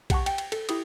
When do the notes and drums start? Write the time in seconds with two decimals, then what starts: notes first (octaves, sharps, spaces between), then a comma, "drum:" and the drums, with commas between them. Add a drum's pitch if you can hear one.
0.10 G4 F#5 A5 C#6, drum: kick B1, cymbal
0.26 G5, drum: cymbal
0.38 drum: cymbal
0.52 A4, drum: cymbal
0.69 E4 G4 D#6, drum: cymbal